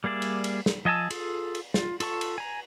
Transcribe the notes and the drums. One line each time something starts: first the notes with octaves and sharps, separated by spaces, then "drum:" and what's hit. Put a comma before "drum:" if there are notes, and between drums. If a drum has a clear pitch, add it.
G3 A#3 G#4 D5 E5
drum: cymbal
drum: cymbal
drum: snare
F3 D#5 G#5 A5 E6
F4 G#4 A4, drum: cymbal
drum: cymbal
F4, drum: snare
F4 A4 A5 C#6, drum: cymbal
drum: cymbal
G#5 A#5